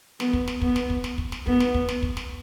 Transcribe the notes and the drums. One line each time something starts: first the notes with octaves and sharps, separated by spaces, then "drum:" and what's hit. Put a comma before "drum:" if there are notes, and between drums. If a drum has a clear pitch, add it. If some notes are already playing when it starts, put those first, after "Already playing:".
B3, drum: snare
drum: kick
drum: snare
B3, drum: kick
drum: snare
drum: kick
drum: snare
drum: kick
drum: snare
B3, drum: kick
drum: snare
drum: kick
drum: snare
drum: kick
drum: snare